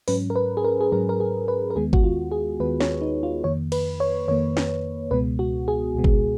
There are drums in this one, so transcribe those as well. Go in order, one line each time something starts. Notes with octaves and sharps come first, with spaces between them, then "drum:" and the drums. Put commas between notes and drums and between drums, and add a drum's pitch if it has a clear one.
G#2 F#3 C#4 B4, drum: open hi-hat
A#4
B4
G#4
A#4
G#4
G#2 F#3 C#4 A#4
A#4
G#4
B4
A#4
D#2 D#3 G#3 B3 G#4
F#4, drum: kick G1
F4
G#4
D#2 D#3 G#3 B3 B4
C#5, drum: snare
D#4
F4
F2 D#3 A#3 C#5
B4, drum: cymbal
C#5
F2 D#3 A#3 C#5
drum: snare
C#2 B2 G#3 B3 B4
F#4
G#4
C#2 B2 G#3 B3
drum: kick G1